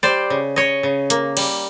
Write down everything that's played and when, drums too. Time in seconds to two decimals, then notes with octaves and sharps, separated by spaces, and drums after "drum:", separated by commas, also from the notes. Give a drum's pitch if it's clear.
0.03 G3 C5 D5
0.30 C#3
0.56 C#3 C#5 D#5
0.83 C#3
1.10 A#3, drum: hi-hat
1.37 G3, drum: cymbal